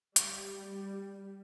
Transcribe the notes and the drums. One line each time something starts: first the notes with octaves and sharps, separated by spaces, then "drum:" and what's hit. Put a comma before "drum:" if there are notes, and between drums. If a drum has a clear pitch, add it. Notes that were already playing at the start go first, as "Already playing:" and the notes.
G3, drum: hi-hat